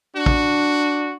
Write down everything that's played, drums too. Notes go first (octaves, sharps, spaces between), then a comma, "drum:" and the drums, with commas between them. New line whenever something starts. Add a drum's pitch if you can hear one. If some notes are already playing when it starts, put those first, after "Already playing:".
D4 F#4
drum: kick